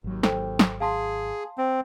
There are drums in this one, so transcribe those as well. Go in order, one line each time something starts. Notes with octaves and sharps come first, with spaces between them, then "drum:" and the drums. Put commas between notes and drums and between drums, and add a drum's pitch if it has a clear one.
G#1 D#2 F#3
A4 C5 G5, drum: snare
drum: snare
G#4 F5 A5 C6
C4